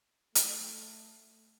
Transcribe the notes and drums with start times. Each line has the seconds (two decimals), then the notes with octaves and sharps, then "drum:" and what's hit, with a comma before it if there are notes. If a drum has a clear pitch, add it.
0.35 A3, drum: hi-hat